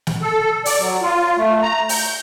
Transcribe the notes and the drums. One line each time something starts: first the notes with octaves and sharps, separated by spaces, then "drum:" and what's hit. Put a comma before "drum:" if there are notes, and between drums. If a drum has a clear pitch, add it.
drum: snare
A4
D5, drum: open hi-hat
F#3
F4
A3
A#5
G6, drum: open hi-hat